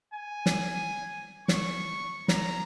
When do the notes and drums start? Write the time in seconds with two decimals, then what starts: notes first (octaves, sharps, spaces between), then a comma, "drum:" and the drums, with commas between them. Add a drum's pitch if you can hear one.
0.14 G#5
0.46 drum: snare
1.48 C#6, drum: snare
2.28 A#5, drum: snare